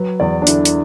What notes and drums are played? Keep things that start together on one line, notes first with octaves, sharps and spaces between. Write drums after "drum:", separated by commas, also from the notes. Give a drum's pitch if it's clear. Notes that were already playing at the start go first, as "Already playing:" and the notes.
Already playing: F#3 B4
E2 D5
D4
D3 E4, drum: hi-hat
drum: hi-hat